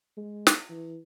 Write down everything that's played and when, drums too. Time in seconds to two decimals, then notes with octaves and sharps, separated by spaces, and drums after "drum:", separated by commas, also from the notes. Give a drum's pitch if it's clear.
0.17 G#3
0.47 drum: snare
0.69 E3